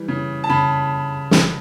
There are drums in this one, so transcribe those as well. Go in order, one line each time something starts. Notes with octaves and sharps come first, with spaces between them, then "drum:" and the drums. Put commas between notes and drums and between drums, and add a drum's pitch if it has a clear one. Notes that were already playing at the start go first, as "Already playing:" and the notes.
Already playing: E3 G3
C#3
A5
C#3 B5
drum: snare